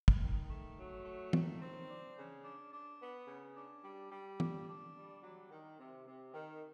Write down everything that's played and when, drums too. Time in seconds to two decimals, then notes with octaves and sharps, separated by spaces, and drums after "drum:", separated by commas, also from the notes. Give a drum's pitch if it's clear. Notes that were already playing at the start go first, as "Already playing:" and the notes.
0.08 drum: kick
0.22 D#3
0.49 A3
0.76 F#3
1.04 A3
1.33 D#3, drum: tom E3
1.61 C4
1.88 D4
2.16 C#3
2.44 D4
2.72 D4
3.00 B3
3.28 C#3
3.56 D4
3.83 G3
4.12 G3
4.40 D4, drum: tom E3
4.67 D4
4.95 G3
5.23 F#3
5.51 D#3
5.79 C3
6.06 C3
6.34 D#3